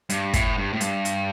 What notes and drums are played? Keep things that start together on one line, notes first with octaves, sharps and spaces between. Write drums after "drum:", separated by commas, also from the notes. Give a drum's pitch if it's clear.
G2, drum: hi-hat
A2, drum: kick, hi-hat
G2
A2
G2, drum: hi-hat
drum: hi-hat